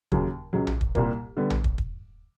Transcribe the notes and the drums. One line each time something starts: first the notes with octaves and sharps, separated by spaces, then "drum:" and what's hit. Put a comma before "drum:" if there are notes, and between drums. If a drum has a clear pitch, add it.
D#2 C#3 F#3, drum: kick
C#2 C#3 F#3
drum: tom A#1
drum: kick
C2 A#2 G3 A#3, drum: kick
D3 G3 B3
drum: tom A#1
drum: kick
drum: kick